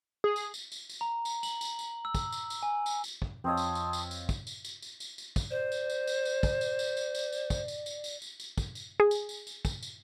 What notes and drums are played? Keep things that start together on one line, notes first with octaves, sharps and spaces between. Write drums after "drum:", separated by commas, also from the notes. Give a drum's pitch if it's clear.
G#4
drum: tambourine
drum: tambourine
drum: tambourine
drum: tambourine
A#5
drum: tambourine
F#7, drum: tambourine
drum: tambourine
drum: tambourine
E6
drum: kick, tambourine
drum: tambourine
drum: tambourine
G#5
drum: tambourine
drum: tambourine
drum: kick
F2 C4 F4 C#5 D#5 A5 C6 D#6
drum: tambourine
drum: tambourine
drum: tambourine
drum: tambourine
drum: kick, tambourine
drum: tambourine
drum: tambourine
drum: tambourine
drum: tambourine
drum: tambourine
drum: kick, tambourine
C5 D5
drum: tambourine
drum: tambourine
drum: tambourine
drum: tambourine
drum: kick, tambourine
drum: tambourine
drum: tambourine
drum: tambourine
drum: tambourine
drum: tambourine
drum: kick, tambourine
drum: tambourine
drum: tambourine
drum: tambourine
drum: tambourine
drum: tambourine
drum: kick, tambourine
drum: tambourine
G#4
drum: tambourine
drum: tambourine
drum: tambourine
drum: kick, tambourine
drum: tambourine